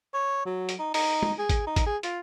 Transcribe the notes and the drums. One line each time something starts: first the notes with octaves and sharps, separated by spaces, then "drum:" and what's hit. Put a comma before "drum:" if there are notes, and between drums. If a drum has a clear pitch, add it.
C#5
F#3
drum: hi-hat
D#4
D#4, drum: open hi-hat
drum: tom
G#4
drum: kick A1, hi-hat
D#4
drum: kick A1, hi-hat
G#4
F4, drum: hi-hat